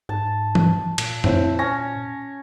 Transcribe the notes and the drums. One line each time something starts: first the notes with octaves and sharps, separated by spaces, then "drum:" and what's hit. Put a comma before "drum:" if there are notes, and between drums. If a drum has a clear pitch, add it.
G#2 A5
drum: tom E3
A#2, drum: cymbal
C4 E4 C#5, drum: tom F2
C#4 A#6